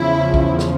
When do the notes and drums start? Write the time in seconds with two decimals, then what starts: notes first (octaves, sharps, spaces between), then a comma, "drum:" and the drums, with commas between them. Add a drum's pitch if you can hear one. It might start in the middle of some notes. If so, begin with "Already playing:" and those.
Already playing: E2 C#3 F3 E4
0.34 drum: kick B1
0.59 drum: snare